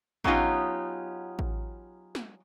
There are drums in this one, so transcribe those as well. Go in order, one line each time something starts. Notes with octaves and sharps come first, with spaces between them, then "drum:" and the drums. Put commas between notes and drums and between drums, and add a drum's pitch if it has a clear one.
F#3 B3 C#4 D#4 F4 G4, drum: kick A1
drum: kick A1
drum: snare